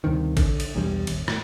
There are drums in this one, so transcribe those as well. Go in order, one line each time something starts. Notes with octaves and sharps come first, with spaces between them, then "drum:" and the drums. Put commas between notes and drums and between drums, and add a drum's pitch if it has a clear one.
D2 G2 C3 D#3
D3, drum: kick A1, cymbal
drum: cymbal
B1 E2 G2 G3
D#1 G#1, drum: cymbal
A2, drum: rim click